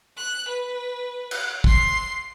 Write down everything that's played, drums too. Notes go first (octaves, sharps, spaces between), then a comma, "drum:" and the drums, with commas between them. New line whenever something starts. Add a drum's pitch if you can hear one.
F#6
B4
drum: cymbal
C6 C7, drum: kick